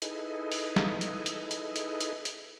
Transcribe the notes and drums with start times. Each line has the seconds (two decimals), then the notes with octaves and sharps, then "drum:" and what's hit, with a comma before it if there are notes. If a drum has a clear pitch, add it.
0.02 D#4 E4 G#4 A4 B4 D#5, drum: hi-hat
0.52 drum: open hi-hat
0.76 drum: snare
1.01 drum: hi-hat
1.26 drum: hi-hat
1.51 drum: hi-hat
1.76 drum: hi-hat
2.00 drum: hi-hat
2.25 drum: hi-hat